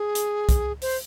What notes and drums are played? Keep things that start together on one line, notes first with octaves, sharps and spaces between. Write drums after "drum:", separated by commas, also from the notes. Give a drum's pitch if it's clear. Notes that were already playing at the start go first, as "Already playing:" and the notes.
Already playing: G#4
drum: hi-hat
drum: kick, hi-hat
C5, drum: open hi-hat